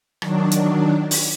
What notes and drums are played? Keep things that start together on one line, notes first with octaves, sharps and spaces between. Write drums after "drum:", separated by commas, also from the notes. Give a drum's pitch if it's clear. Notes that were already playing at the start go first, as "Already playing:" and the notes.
D#3 F#3 D4, drum: rim click
drum: hi-hat
drum: open hi-hat